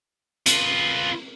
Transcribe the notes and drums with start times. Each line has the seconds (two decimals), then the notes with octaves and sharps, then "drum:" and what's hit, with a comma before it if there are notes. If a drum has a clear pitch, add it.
0.46 F4 B4, drum: hi-hat